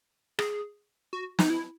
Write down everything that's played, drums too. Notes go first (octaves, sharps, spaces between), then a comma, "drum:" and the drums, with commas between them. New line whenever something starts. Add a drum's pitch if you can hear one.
G#4, drum: rim click
F#4
D#4, drum: snare
E4